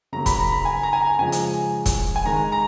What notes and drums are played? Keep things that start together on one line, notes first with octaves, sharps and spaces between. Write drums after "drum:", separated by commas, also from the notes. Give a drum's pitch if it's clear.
C#3 F#3 A#3 A#5
B5, drum: kick, hi-hat
A#5
B5
G#5
A#5
G#5
A#5
C#3 F3 G#3 G#5
drum: hi-hat
drum: kick, hi-hat
G#5
D#3 G#3 A#5
A#5